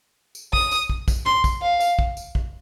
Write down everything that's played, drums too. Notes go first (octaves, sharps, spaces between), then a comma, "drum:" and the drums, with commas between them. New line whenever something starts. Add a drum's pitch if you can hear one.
drum: tambourine
D#6, drum: kick
drum: tambourine
drum: kick
drum: kick, tambourine
C6, drum: tom
drum: kick, tambourine
F5
drum: tambourine
drum: kick
drum: tambourine
drum: kick